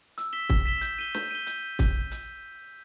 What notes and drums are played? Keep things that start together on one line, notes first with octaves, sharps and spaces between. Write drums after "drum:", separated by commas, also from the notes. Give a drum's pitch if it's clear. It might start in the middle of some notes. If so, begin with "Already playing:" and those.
E6, drum: hi-hat
B6 E7 G7
E6, drum: kick
B6 E7 G7
G6, drum: hi-hat
D#7 G7
G6, drum: snare
D#7 G7
G6, drum: hi-hat
drum: kick, hi-hat
drum: hi-hat